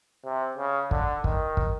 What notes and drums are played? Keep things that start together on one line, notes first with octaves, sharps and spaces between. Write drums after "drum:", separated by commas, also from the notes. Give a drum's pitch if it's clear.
C3
C#3
D3, drum: kick
D#3, drum: kick
drum: kick